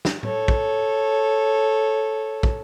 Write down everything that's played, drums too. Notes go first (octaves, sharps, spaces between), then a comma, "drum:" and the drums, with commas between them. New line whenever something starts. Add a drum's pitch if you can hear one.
drum: snare
A4 C#5, drum: tom A2
drum: kick
drum: kick